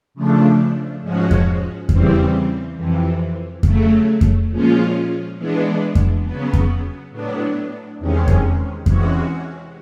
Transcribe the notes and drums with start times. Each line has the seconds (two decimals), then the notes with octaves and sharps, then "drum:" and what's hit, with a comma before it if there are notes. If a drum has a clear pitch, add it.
0.14 C#3 F3 A3 D4
1.02 G#2 F3 G#3 C#4 F#4
1.31 drum: kick F2
1.89 E2 C#3 E3 G3 C4, drum: kick F2
2.76 F2 C3 E3
3.63 C#3 F#3 A3, drum: kick F2
4.21 drum: kick F2
4.50 A#2 F3 G#3 C#4 F4
5.37 E3 G#3 B3 D4
5.95 drum: kick F2
6.25 C#3 F#3 B3
6.53 drum: kick F2
7.11 A2 F#3 B3 D4
7.99 E2 C3 D#3 G#3 C#4
8.28 drum: kick F2
8.86 C3 E3 G#3 C#4 F#4, drum: kick F2